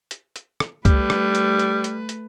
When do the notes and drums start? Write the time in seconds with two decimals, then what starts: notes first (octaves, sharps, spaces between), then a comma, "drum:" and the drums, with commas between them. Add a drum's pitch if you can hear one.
0.11 drum: hi-hat
0.36 drum: hi-hat
0.60 drum: rim click
0.85 G3 A3 B4, drum: kick, hi-hat
1.10 drum: rim click
1.35 drum: hi-hat
1.59 drum: hi-hat
1.84 drum: hi-hat
2.09 drum: hi-hat